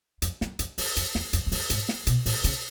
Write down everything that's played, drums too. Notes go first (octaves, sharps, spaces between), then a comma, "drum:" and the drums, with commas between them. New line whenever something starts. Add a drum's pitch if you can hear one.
F2, drum: hi-hat
F#2, drum: snare
F2, drum: hi-hat
F2, drum: open hi-hat
F2, drum: hi-hat
E2, drum: snare
F2, drum: hi-hat
E2
F2, drum: open hi-hat
G#2, drum: hi-hat
drum: snare
B2, drum: hi-hat
A2, drum: open hi-hat
C#3, drum: hi-hat